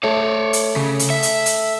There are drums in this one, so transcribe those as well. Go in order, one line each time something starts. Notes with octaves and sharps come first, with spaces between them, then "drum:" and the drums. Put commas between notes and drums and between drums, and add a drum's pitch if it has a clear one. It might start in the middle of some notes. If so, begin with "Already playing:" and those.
A3 C#5 D5
drum: hi-hat
C#3
drum: hi-hat
E5
drum: hi-hat
drum: hi-hat